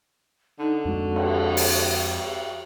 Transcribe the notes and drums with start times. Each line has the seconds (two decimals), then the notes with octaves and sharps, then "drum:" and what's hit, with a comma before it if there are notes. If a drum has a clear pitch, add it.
0.59 D3 D#4
0.85 F2 G#3 F#4
1.16 drum: cymbal
1.57 drum: open hi-hat